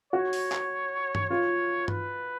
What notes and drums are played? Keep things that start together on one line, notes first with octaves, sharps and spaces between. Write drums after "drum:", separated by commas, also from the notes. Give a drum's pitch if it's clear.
F#4 C#5
drum: open hi-hat
drum: clap
drum: tom G2
F4 C#5
B4, drum: tom G2